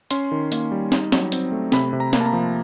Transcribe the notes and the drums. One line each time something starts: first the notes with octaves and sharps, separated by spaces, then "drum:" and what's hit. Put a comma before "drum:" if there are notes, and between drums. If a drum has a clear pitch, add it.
C#4 C6, drum: hi-hat
D#3
A#3, drum: hi-hat
G3
D#4, drum: snare
F#3, drum: snare
C4, drum: hi-hat
A3
C3 B5, drum: snare
C3
A#5
A#3, drum: snare
A5
A#5
F3